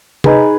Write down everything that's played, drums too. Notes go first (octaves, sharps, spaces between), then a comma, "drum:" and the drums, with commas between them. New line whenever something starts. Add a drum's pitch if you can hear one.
D#4 G#4 B4, drum: tom C3